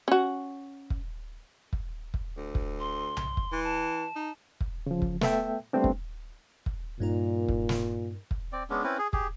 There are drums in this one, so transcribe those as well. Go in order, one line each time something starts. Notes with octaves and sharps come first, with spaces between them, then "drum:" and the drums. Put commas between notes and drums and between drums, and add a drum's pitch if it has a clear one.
C#4 F#4
drum: kick
drum: kick
drum: kick
D2
drum: kick
C6
drum: tom B1
drum: kick
E3
A5
D#4
drum: kick
C#3 F3
drum: kick
A3 B3 A4 E5 G5, drum: snare
G3 A3 B3 C4 D4
drum: kick
drum: kick
G2 A#2 D#4 A#4
drum: kick
drum: snare
drum: kick
C4 D5
G#3 B3 C#4 D4
C4 C#4 E4 B4
G#4
G4 G#4, drum: kick